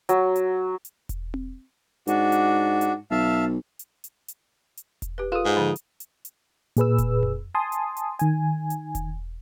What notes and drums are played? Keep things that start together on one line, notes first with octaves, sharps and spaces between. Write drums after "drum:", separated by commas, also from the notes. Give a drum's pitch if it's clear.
F#3, drum: hi-hat
drum: hi-hat
drum: hi-hat
drum: kick E1, hi-hat
drum: tom C4
G#2 D4 F#4, drum: hi-hat
drum: hi-hat
drum: hi-hat
B1 E5 F5 A5
drum: hi-hat
drum: hi-hat
drum: hi-hat
drum: hi-hat
drum: kick E1, hi-hat
G4 B4
F4 G#4 A4 B4 D#6
G#2
D3 F3
drum: hi-hat
drum: hi-hat
drum: hi-hat
A#2 G#4 B4 E6, drum: hi-hat
drum: kick E1, hi-hat
drum: tom F2
G#5 A5 C6 D#6
drum: hi-hat
drum: hi-hat
D#3 G#5, drum: hi-hat
drum: hi-hat
drum: kick E1, hi-hat